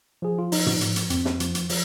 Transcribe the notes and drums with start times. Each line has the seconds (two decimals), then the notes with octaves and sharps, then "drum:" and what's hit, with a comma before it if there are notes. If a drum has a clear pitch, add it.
0.22 F3 G#4
0.38 F4
0.52 F3 D#4, drum: open hi-hat
0.66 drum: tom
0.81 F3, drum: hi-hat
0.96 drum: hi-hat
1.10 F2 C4, drum: hi-hat
1.25 drum: snare
1.40 F3, drum: hi-hat
1.55 drum: hi-hat
1.69 F3, drum: open hi-hat